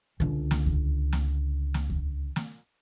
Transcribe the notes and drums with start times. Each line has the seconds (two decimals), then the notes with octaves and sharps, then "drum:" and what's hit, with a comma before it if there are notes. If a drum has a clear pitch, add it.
0.20 C#2 D3
0.51 drum: snare
0.66 drum: kick D#2
1.13 drum: snare
1.74 drum: snare
1.90 drum: kick D#2
2.36 drum: snare